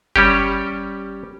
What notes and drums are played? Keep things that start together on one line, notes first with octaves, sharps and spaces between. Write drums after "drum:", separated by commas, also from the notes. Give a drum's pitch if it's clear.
G3 C#4 G4, drum: kick F#1